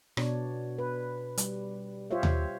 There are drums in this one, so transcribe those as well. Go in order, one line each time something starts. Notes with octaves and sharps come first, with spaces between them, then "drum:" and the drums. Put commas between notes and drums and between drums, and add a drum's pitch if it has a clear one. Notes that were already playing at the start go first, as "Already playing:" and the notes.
B2 D4 C#5, drum: rim click
B4
G3, drum: hi-hat
F4 G4 C5 C#5 E5
drum: tom D#2